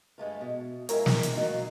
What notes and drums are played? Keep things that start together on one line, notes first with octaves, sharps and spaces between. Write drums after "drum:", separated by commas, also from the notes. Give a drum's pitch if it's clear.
G2 G#3 A3 F4
B2
G#3 E4 F4 G4 A#4 C#5, drum: hi-hat
drum: snare
drum: hi-hat
F#3 A3 A#3 D#4 F4